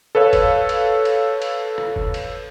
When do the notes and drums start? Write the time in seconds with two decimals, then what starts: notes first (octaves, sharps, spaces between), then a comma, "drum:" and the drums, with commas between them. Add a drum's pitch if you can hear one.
0.15 A4 B4 C#5 F5
0.33 drum: kick, cymbal
0.69 drum: cymbal
1.05 drum: cymbal
1.42 drum: cymbal
1.78 drum: rim click
1.96 drum: kick
2.14 drum: cymbal